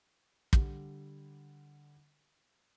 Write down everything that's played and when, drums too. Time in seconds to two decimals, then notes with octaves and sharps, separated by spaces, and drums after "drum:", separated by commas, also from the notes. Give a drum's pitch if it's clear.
0.53 D3 G3, drum: kick